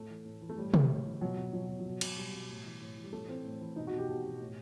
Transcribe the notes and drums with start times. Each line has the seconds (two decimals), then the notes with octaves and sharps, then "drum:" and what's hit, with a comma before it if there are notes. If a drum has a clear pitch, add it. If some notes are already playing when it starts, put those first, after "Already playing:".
Already playing: A2 A3
0.10 E3
0.25 A2
0.41 E3
0.49 A3
0.58 A2 G3
0.74 E3, drum: tom
0.90 A2
1.05 E3
1.21 B2 F#3
1.37 B2
1.53 B2 F#3
1.69 B2
1.79 F#3
1.86 B2
2.01 B2, drum: cymbal
2.17 B2 G3
2.33 B2
2.49 A2
2.65 E3
2.81 A2
2.97 E3
3.04 G3
3.12 A2 A3
3.28 E3 C4
3.45 A2
3.60 E3
3.76 B2 D#4
3.87 B2 F#4
3.98 G4
4.09 B2
4.24 B2
4.40 A2